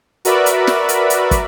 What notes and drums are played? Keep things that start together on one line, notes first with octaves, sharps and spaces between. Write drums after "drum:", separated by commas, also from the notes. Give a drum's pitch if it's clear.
F#4 A#4 B4 D5 E5 B5, drum: hi-hat
drum: hi-hat
drum: snare
drum: hi-hat
drum: hi-hat
drum: kick, hi-hat